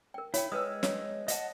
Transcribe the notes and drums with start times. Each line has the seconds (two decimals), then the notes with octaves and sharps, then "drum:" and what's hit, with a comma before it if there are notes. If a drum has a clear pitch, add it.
0.14 A#4 G5
0.34 E4 C#5 G5, drum: hi-hat
0.52 G#3 B4 G5 G#5 D#6 E6
0.83 C#5, drum: snare
1.28 D#5 F#5 A5, drum: hi-hat